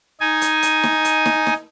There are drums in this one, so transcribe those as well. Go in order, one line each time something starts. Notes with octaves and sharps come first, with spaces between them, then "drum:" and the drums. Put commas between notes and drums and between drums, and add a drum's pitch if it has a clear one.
D#4 G#5
drum: hi-hat
drum: hi-hat
drum: snare
drum: hi-hat
drum: snare
drum: snare